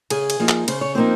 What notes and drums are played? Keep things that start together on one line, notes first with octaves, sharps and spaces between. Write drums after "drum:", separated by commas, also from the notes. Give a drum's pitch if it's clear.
C#3 G#4 G#5, drum: cymbal
drum: cymbal
F3 A#3 D#4
drum: clap
C#3 C5, drum: cymbal
C#5
F3 A#3 C4 D#4 C5